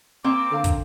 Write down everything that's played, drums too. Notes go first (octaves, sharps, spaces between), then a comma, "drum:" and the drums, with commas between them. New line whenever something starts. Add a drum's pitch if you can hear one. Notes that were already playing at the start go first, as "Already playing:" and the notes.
A#3 C4 C5 F5 D6
D3 A4 F5 A#5
drum: kick, hi-hat